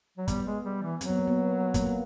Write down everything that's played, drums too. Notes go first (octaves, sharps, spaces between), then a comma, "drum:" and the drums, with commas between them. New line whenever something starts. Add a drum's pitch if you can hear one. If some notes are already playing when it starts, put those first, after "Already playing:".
F#3
G3 B3, drum: kick, hi-hat
G#3
G3
E3
F#3 C4, drum: hi-hat
B3
A#3
B3
A#3, drum: kick, hi-hat